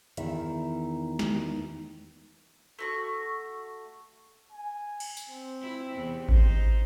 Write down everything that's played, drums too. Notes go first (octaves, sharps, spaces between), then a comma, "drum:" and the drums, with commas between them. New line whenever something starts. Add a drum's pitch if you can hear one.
E2 D#3 E4 E5, drum: hi-hat
drum: snare
A3 F#4 C#6
G#5
drum: cymbal
drum: tambourine
C4
E4
E2 C3 B3
D#4 C5, drum: kick G#1